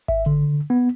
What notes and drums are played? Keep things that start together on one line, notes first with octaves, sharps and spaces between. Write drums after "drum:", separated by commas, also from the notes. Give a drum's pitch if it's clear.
E5, drum: kick G#1
D3
B3